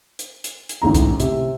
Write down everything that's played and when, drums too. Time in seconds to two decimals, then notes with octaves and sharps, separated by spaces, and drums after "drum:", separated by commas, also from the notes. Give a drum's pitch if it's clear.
0.19 drum: hi-hat
0.44 drum: hi-hat
0.69 drum: hi-hat
0.82 A1 D2 G#2 A#5
0.95 drum: kick C2, hi-hat
1.20 C3, drum: hi-hat